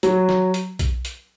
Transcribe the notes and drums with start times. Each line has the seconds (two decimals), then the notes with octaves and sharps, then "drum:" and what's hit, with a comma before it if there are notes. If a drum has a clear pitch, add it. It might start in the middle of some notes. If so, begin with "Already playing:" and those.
0.03 F#3, drum: hi-hat
0.29 drum: snare
0.54 drum: hi-hat
0.79 drum: kick B1, hi-hat
1.05 drum: hi-hat